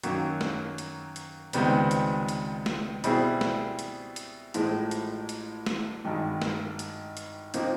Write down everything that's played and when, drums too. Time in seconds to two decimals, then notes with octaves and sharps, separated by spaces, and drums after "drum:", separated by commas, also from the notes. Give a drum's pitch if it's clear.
0.03 F#2 D#3 F#3 A#3, drum: hi-hat
0.41 drum: snare
0.78 drum: hi-hat
1.16 drum: hi-hat
1.53 C#2 C3 D#3 G3 B3, drum: hi-hat
1.91 drum: hi-hat
2.29 drum: hi-hat
2.66 drum: snare
3.04 B2 G3 C4 E4 G#4, drum: hi-hat
3.41 drum: snare
3.79 drum: hi-hat
4.16 drum: hi-hat
4.54 A1 A2 F3 G#3, drum: hi-hat
4.91 drum: hi-hat
5.29 drum: hi-hat
5.66 drum: snare
6.04 G#1 G2 D#3
6.42 drum: snare
6.79 drum: hi-hat
7.17 drum: hi-hat
7.54 C3 F3 A#3 D#4, drum: hi-hat